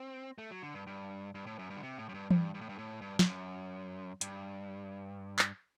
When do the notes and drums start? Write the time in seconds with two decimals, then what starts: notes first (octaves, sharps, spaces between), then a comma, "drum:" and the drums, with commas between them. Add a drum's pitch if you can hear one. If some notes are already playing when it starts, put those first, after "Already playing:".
Already playing: C4
0.38 A3
0.51 F#3
0.62 D3
0.74 G2
0.87 G2
1.35 G2
1.46 A2
1.59 F#2
1.70 G2
1.77 D3
1.83 C3
1.98 A2
2.09 F#2
2.14 G2
2.31 G2, drum: tom E3
2.54 G2
2.61 A2
2.69 G2
2.78 A2
3.01 G2
3.19 G2, drum: snare
3.26 F#2
4.21 G2, drum: hi-hat
5.39 drum: clap